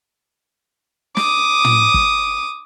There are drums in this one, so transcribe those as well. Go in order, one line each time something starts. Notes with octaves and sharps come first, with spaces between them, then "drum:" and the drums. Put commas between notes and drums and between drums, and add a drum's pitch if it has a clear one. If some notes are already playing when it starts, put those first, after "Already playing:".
D6 D#6, drum: snare
drum: tom
drum: kick